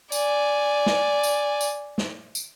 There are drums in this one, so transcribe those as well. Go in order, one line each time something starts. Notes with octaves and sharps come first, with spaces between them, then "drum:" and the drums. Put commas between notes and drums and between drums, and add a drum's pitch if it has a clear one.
D5 G#5, drum: tambourine
drum: snare
drum: tambourine
drum: tambourine
drum: snare
drum: tambourine